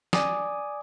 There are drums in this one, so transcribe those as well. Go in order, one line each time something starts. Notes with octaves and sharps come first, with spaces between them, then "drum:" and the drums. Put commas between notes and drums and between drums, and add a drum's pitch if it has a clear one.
D5 G#5 D6 D#6, drum: snare